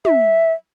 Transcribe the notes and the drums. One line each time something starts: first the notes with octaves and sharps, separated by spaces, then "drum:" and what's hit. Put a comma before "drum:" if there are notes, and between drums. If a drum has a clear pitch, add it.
E5, drum: tom